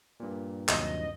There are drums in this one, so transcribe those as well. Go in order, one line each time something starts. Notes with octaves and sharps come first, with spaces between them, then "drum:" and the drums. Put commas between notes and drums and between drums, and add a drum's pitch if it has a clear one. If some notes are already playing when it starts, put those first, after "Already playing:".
G2 A#2
D#2 C3 F#3 D#5, drum: clap